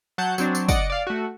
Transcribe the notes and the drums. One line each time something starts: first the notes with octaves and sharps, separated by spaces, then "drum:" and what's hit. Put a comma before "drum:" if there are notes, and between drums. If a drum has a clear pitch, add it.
F#3 F#5 A5 G6
F#3 C4 D4, drum: tambourine
drum: tambourine
D5 D#5 F#5 C#7 D7, drum: kick, tambourine
D5 F5
A3 F#4